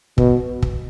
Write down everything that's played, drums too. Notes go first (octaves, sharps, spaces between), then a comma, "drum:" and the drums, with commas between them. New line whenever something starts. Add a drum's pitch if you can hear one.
B2, drum: kick
drum: kick